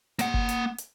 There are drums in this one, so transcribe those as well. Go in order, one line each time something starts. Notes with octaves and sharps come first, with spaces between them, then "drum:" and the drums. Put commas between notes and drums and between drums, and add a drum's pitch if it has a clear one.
A#3 F#5, drum: hi-hat
drum: kick F#1
drum: hi-hat
drum: hi-hat